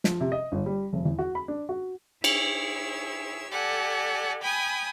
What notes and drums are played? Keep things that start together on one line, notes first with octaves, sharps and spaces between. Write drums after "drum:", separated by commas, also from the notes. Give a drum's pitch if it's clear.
F3, drum: snare
C3
D#5
G1
G3
F1
E2
F#4
B5
D4
F#4
E4 G#4 C#5 E6, drum: cymbal
G4 A4 D5 F#5 G#5
G5 G#5 B5 D#6